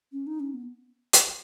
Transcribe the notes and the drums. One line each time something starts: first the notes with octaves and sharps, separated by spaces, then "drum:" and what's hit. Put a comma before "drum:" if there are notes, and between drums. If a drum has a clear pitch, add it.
C#4
D#4
C#4
B3
drum: hi-hat